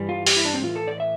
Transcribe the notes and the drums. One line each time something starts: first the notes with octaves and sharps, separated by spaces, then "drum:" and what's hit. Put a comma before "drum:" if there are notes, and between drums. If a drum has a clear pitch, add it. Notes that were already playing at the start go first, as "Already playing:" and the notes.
Already playing: G2 E3 G3
F4
G4, drum: open hi-hat
E4
D4
C4
A2 E3 A3 F4
A4
D5
E5